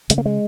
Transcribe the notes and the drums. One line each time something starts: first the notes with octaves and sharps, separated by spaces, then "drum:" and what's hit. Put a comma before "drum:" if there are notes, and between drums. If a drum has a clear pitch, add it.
C#3 G#3, drum: hi-hat
A#3
G#3